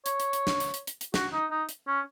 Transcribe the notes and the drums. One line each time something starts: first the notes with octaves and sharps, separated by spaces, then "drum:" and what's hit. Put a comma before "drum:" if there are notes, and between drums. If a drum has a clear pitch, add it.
C#5, drum: hi-hat
drum: hi-hat
drum: hi-hat
drum: snare
drum: hi-hat
drum: hi-hat
drum: hi-hat
drum: hi-hat
F#4, drum: snare
D#4
D#4
drum: hi-hat
C#4